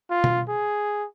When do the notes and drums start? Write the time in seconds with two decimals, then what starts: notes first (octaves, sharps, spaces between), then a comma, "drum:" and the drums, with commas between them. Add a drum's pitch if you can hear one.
0.10 F4
0.24 drum: tom B2
0.49 G#4